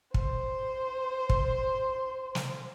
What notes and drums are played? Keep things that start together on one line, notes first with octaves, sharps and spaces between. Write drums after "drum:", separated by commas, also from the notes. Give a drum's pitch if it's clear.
C5 C6, drum: kick
drum: kick
drum: snare